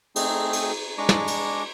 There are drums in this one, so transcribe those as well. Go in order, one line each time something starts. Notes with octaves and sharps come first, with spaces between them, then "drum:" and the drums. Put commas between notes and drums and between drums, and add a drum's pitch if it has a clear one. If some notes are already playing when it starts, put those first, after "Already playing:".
A3 C4 D#4 G#4, drum: cymbal
drum: cymbal
G#3 D4 A#5 C#6 D6
drum: snare
drum: cymbal